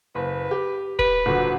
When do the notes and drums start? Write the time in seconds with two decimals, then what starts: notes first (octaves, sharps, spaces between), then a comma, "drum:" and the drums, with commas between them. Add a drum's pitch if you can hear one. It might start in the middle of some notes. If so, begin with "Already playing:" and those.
0.15 F#1 B4
0.51 G4
0.99 B4, drum: kick
1.26 D#1 D3 F#4